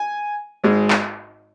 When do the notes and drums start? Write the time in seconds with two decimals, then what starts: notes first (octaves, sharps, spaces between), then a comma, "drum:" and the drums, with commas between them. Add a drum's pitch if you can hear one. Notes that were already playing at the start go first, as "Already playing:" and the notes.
Already playing: G#5
0.64 G#1 G#2 G#3
0.90 drum: clap